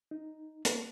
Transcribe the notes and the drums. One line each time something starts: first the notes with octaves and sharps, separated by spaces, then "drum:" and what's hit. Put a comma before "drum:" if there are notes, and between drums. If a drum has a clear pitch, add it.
D#4
A#3, drum: hi-hat